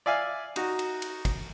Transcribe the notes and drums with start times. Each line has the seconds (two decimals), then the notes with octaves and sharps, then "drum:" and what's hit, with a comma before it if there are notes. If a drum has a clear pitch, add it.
0.06 D5 E5 F5 G#5
0.56 D#4 F#4, drum: cymbal
0.79 drum: cymbal
1.02 drum: cymbal
1.25 drum: kick, cymbal